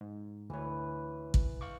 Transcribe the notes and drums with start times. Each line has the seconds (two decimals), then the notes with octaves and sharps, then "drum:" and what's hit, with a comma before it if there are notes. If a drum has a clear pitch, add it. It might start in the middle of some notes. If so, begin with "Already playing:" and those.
0.01 G#2
0.50 D2 E3 B4 C#5
1.34 drum: kick
1.61 F5 C#6 D6